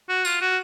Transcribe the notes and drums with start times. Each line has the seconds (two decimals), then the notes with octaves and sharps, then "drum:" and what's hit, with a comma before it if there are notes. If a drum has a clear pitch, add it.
0.09 F#4
0.25 F4, drum: tambourine
0.41 F#4